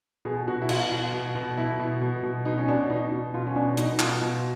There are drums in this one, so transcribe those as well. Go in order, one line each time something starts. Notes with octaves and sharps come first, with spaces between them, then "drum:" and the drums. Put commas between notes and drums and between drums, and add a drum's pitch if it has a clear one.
B2 G#4
B2 F#4
E4
B2 F4, drum: cymbal
B2
B2
B2
B2 E4
B2
B2
B2
B2 D#4
C#4
B2 D4
B2 D#4
B2
B2 F4
C#4
B2 D4
B2 D#4, drum: hi-hat
B2 F4, drum: clap
B2